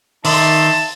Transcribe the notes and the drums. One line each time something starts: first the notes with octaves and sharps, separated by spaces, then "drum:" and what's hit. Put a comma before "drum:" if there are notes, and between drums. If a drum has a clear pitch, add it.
D#3 D#4 D5 E5 A5 C6, drum: open hi-hat